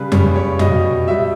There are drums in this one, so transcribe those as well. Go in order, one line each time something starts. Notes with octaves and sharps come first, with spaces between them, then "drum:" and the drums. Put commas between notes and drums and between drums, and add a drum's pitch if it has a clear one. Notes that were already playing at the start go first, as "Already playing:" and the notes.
Already playing: C#3 G3 B4
C#3 G3 C#5, drum: tom F2
C#5
B2 G3 D#5, drum: tom F2
B2 G3 E5